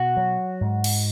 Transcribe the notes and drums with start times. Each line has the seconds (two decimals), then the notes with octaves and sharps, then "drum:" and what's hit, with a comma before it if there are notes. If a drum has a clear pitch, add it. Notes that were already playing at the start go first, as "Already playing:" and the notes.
Already playing: B2 F#4
0.17 F#3
0.61 G#2
0.84 drum: cymbal